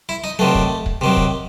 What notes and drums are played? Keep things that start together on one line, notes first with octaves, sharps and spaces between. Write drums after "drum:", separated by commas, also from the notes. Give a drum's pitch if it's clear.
E4
D#4
C3 D#3 F#3 A3
drum: kick
drum: kick
C3 D#3 F#3
drum: kick